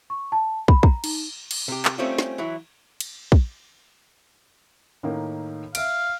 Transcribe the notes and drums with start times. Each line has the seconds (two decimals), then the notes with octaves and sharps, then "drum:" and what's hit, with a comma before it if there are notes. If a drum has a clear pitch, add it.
0.10 C#6
0.32 A5
0.68 B5, drum: kick
0.83 A#5, drum: kick
1.04 D#4, drum: cymbal
1.51 drum: cymbal
1.68 C3 G4
1.85 drum: clap
1.98 G3 A3 C4 C#4 D#4 F4
2.19 drum: snare
2.38 E3 F#3 E4
3.00 drum: cymbal
3.32 drum: kick
5.03 A2 D#3 A#3
5.75 E5 F5 D7, drum: cymbal